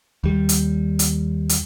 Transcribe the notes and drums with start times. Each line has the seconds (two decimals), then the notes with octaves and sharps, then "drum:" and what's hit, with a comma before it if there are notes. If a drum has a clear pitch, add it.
0.24 D#2 G3
0.49 drum: hi-hat
0.99 drum: hi-hat
1.49 drum: hi-hat